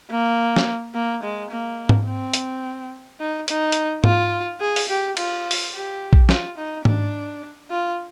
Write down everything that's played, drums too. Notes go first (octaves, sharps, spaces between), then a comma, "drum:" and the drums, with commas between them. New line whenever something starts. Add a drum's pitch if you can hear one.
A#3
drum: snare
A#3
G#3
A#3
drum: tom G#2
C4
drum: hi-hat
D#4
D#4, drum: hi-hat
drum: hi-hat
F4, drum: tom G#2
G#4
drum: open hi-hat
G4
F4, drum: cymbal
drum: open hi-hat
G4
drum: kick A#1
F4, drum: snare
D#4
D4, drum: tom G#2
F4